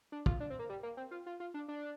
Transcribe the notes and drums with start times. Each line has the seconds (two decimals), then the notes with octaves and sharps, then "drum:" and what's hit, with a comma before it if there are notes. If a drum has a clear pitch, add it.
0.12 D4
0.26 F4, drum: kick
0.40 D4
0.50 C4
0.59 A#3
0.69 G3
0.83 A#3
0.97 C4
1.11 F4
1.26 F4
1.40 F4
1.54 D4
1.68 D4